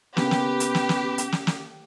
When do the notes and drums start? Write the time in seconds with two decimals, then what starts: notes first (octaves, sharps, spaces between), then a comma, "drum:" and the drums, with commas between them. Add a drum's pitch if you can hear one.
0.17 C#3 A#3 B3 C#4 G4 B4, drum: snare
0.31 drum: snare
0.60 drum: hi-hat
0.75 drum: snare
0.89 drum: snare
1.18 drum: hi-hat
1.32 drum: snare
1.47 drum: snare